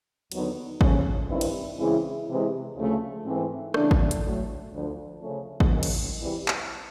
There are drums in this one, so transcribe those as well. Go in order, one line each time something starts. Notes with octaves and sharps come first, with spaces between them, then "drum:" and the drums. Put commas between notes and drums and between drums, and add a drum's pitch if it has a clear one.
D#2 D3 F#3 B3 D#4, drum: cymbal
C#3 F3 A3 C#4, drum: kick A1
G2 D#3 G3 C4 E4
drum: cymbal
C#3 E3 G#3 C4 E4
C3 E3 G#3
D2 C#3 F3 A3
G#2 E3 A3 C4
C#3 E3 A3 D4, drum: rim click
drum: kick A1
drum: hi-hat
A2 F#3 A3
D2 D3 F3
C#3 F3 A3 C#4
drum: kick A1
G#2 D#3 F#3 A#3 C#4
drum: cymbal
E2 C3 E3 G3
drum: clap